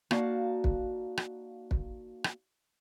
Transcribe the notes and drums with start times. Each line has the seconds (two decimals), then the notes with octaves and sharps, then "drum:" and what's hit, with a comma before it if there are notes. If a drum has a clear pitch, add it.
0.11 A#3 D#4 F#4 D5 F5 A5, drum: rim click
0.64 drum: kick
1.17 drum: rim click
1.71 drum: kick
2.24 drum: rim click